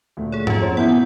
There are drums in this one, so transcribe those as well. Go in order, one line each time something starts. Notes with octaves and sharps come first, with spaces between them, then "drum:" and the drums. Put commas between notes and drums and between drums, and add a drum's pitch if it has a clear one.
D2 A#2 A3
G#4 C#5
F2 A#3 C#4 F4, drum: tom G#2
C5 C#5
B3 E4 F#5 A5 G6
B2